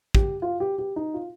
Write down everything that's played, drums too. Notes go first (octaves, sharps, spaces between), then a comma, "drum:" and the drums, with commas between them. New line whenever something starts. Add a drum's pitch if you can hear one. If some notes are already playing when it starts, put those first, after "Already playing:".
G4, drum: kick
F4
G4
G4
D#4
F4